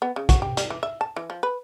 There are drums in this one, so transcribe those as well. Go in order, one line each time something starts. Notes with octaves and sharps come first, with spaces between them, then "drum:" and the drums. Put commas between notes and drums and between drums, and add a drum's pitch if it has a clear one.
B3
C#3
F#4, drum: kick, hi-hat
G4
G3, drum: hi-hat
E3
E5
A5
E3
F3
B4